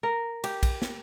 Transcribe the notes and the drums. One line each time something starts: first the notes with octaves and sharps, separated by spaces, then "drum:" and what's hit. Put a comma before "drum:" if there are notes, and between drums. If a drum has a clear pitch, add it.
A#4
G4, drum: cymbal
drum: kick A#1, cymbal
drum: snare